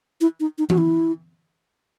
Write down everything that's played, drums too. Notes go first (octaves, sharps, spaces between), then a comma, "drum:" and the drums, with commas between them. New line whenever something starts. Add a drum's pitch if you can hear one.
E4
D#4
D#4
F#4, drum: tom E3
E4